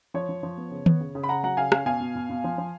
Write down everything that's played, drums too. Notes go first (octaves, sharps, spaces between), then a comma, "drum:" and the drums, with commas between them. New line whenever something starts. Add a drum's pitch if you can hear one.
F3 C#5
F3
F3
B3
C#3
B3, drum: tom D#3
C#3
C#3
B5
C#3 F#5 A#5
F#3 F#5 A#5
C#3 F5 G#5
C#4 F5 G#5, drum: rim click
B2 F5 G#5
B2
B2
B2
F3
F3